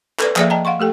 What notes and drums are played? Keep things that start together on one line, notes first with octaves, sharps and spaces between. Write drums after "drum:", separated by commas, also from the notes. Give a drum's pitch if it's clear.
A4 B4 D5, drum: clap
F3 A#3 G#4 D5 E5 F5, drum: clap
D#5 G5 A5 A#5
F5 F#5 C6 C#6
A3 G4 A4 G5